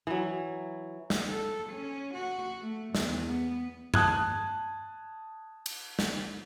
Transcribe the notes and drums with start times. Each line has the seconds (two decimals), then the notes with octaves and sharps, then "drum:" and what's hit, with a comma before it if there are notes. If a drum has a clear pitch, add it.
0.07 E3 F#3
1.10 drum: snare
1.29 A4
1.70 C#4
2.14 F#4
2.61 A3
2.95 E2, drum: snare
3.29 B3
3.94 A5 D#6 F#6 G#6, drum: tom G2
5.66 drum: cymbal
5.99 drum: snare